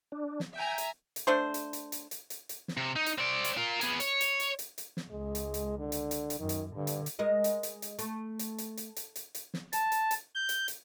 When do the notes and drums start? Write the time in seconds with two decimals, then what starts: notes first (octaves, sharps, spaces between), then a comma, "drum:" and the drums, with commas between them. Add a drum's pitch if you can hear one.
0.12 D4
0.40 drum: snare
0.55 E5 G5 G#5 A#5
0.78 drum: hi-hat
1.16 drum: hi-hat
1.27 A3 D4 C5
1.54 drum: hi-hat
1.73 drum: hi-hat
1.92 drum: hi-hat
2.11 drum: hi-hat
2.30 drum: hi-hat
2.49 drum: hi-hat
2.68 drum: snare
2.77 C3
2.96 D#4
3.06 drum: hi-hat
3.18 C4 D5
3.44 drum: hi-hat
3.57 F4 A#4
3.81 B3 G#4, drum: hi-hat
4.00 C#5, drum: hi-hat
4.21 drum: hi-hat
4.40 drum: hi-hat
4.59 drum: hi-hat
4.78 drum: hi-hat
4.97 drum: snare
5.11 C#2 G#3
5.35 drum: hi-hat
5.54 drum: hi-hat
5.79 D3
5.92 drum: hi-hat
6.11 drum: hi-hat
6.30 drum: hi-hat
6.39 F#2 D#3
6.49 drum: hi-hat
6.76 G2 D3
6.87 drum: hi-hat
7.06 drum: hi-hat
7.19 G#3 A#4 D#5
7.44 drum: hi-hat
7.63 drum: hi-hat
7.82 drum: hi-hat
7.99 A3, drum: hi-hat
8.39 drum: hi-hat
8.58 drum: hi-hat
8.77 drum: hi-hat
8.96 drum: hi-hat
9.16 drum: hi-hat
9.35 drum: hi-hat
9.54 drum: snare
9.73 A5, drum: hi-hat
9.92 drum: hi-hat
10.11 drum: hi-hat
10.35 G6
10.49 drum: hi-hat
10.68 drum: hi-hat